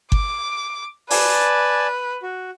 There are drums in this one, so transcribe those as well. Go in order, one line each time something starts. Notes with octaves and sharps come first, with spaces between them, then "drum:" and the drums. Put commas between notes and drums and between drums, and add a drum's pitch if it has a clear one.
D6, drum: kick G1
B4 D5 G#5 A5, drum: open hi-hat
F#4